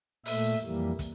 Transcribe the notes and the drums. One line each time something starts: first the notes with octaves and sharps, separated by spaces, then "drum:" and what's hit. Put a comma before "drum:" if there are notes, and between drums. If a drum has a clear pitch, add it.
A#2 A3 E5, drum: open hi-hat
F2 E3 G3 A#3
drum: kick, hi-hat